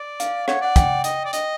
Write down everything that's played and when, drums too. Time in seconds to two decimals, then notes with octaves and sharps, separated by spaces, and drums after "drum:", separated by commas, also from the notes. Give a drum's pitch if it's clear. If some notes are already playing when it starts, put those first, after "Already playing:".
Already playing: D5
0.20 F5, drum: hi-hat
0.48 C#5 F#5, drum: rim click
0.61 D5 F#5
0.76 G5, drum: kick, hi-hat
1.04 D#5, drum: hi-hat
1.25 D5
1.33 D#5, drum: hi-hat